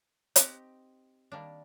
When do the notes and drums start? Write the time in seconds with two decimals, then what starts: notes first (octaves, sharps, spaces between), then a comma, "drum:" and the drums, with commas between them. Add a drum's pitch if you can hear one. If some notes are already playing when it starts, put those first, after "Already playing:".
0.36 C4 D#4 G4, drum: hi-hat
1.32 D#3 G3 A#3 D4